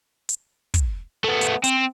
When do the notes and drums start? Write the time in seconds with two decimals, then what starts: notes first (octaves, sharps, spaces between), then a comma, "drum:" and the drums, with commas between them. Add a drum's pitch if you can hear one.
0.29 drum: hi-hat
0.74 drum: kick, hi-hat
1.24 A3 B3
1.41 drum: hi-hat
1.64 C4, drum: hi-hat